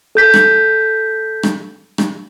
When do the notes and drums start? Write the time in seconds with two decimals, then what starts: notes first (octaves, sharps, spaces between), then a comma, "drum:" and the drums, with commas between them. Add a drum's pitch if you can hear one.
0.15 A4 G6 B6
0.34 drum: rim click
1.43 drum: rim click
1.98 drum: rim click